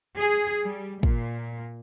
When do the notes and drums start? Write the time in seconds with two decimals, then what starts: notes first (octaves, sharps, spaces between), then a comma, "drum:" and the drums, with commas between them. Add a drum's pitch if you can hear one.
0.17 G#4
0.64 G3
1.03 A#2, drum: kick